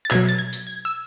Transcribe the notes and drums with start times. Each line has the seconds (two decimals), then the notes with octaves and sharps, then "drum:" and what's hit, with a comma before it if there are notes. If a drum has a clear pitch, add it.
0.05 A6
0.11 B2 F#3 G#6, drum: clap
0.29 A6
0.39 G#6
0.53 drum: tambourine
0.67 G#6
0.85 E6